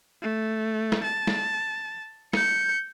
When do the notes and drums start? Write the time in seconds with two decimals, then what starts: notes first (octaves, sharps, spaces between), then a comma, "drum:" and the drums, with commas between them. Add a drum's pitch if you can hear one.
0.22 A3
0.92 drum: snare
1.04 A5
1.27 drum: snare
2.33 G6 C#7, drum: snare